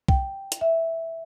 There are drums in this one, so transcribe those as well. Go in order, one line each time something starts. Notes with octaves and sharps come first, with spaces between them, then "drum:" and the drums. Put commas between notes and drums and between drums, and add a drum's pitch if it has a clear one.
G5, drum: kick B1
drum: hi-hat
E5